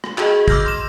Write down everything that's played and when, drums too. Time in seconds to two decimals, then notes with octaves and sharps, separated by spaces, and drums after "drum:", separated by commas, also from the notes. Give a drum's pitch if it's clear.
0.04 drum: rim click
0.18 F#4 G#4 D#5, drum: clap
0.48 D6 E6 F6 G6 A#6, drum: kick
0.66 C6 E7